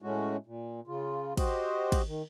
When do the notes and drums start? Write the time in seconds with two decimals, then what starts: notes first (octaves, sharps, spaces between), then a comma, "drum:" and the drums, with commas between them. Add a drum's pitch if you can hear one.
0.02 A2 G#3 A3 C#4 F#4
0.46 A#2
0.88 C#3 F4
1.37 F#4 G4 C5 D#5, drum: kick, cymbal
1.92 drum: kick, cymbal
2.08 D#3